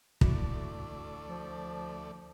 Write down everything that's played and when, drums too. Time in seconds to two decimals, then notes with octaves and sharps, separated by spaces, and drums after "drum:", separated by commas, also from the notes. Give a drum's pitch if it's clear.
0.21 D2 A3 E4 F#4 A4 D5, drum: kick
1.28 F3